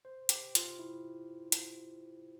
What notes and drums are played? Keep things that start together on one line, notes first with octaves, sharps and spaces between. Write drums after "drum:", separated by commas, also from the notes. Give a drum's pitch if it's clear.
C5
G4, drum: hi-hat
F4, drum: hi-hat
E4
drum: hi-hat